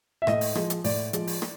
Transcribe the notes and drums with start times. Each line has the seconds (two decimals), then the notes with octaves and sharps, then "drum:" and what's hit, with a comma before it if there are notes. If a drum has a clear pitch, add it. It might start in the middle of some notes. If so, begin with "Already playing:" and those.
0.22 E5
0.27 A2 D#5, drum: rim click
0.41 drum: open hi-hat
0.55 F3 G#3, drum: rim click
0.70 drum: hi-hat
0.84 A2 D5, drum: open hi-hat
1.13 F3 G#3, drum: hi-hat
1.27 drum: open hi-hat
1.42 drum: rim click